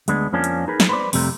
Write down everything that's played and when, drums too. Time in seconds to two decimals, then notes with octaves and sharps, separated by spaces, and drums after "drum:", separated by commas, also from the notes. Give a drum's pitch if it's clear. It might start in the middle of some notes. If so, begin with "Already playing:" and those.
0.08 D2 G#3 B3 D4, drum: hi-hat
0.33 F2 F3 A#3 C#4 D4
0.44 drum: hi-hat
0.68 D#4 G#4 A#4 B4
0.80 drum: snare
0.89 B4 C5 D5
1.13 F2 C3 G3 A3 A#5, drum: open hi-hat